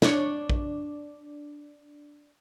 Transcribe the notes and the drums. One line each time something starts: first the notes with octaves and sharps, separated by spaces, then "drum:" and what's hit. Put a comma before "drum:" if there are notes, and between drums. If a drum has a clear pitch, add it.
D4 C#5, drum: snare
drum: kick A#1